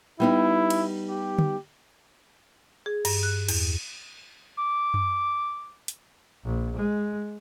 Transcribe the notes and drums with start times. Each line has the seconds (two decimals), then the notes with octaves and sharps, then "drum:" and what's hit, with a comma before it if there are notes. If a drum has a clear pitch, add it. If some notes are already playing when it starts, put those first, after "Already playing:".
0.20 G3 B3 D#4 E4
0.70 drum: cymbal
1.09 G4
1.39 drum: tom
2.86 G#4
3.05 G2, drum: cymbal
3.23 F#6
3.49 E2, drum: cymbal
4.58 D6
4.94 drum: tom F#2
5.88 drum: hi-hat
6.44 A#1
6.76 G#3